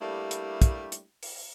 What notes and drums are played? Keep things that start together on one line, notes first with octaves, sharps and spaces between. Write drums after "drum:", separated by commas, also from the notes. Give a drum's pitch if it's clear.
G3 A3 A#3 D4 E4 G4
drum: hi-hat
drum: kick, hi-hat
drum: hi-hat
drum: open hi-hat